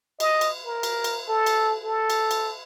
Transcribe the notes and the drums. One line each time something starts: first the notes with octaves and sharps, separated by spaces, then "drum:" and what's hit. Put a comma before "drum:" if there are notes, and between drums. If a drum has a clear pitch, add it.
D#5, drum: cymbal
drum: cymbal
A#4
drum: cymbal
drum: cymbal
A4
drum: cymbal
A4
drum: cymbal
drum: cymbal